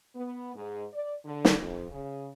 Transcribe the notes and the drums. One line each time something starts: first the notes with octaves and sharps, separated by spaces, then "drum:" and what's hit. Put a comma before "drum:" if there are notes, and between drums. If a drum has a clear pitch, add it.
B3
G#2
D5
D3
drum: snare
F2
C#3